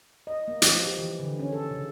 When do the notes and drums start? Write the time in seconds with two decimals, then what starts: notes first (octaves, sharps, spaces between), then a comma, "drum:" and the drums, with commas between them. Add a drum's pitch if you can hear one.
0.27 D#5
0.48 A#3
0.62 F3, drum: hi-hat
0.82 G4
0.99 E3
1.20 D3
1.40 C#4
1.52 A4
1.71 C#3